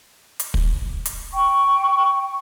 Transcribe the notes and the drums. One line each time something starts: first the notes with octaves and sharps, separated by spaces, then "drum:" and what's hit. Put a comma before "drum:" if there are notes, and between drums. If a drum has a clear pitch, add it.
drum: hi-hat
drum: kick
drum: hi-hat
G5 C#6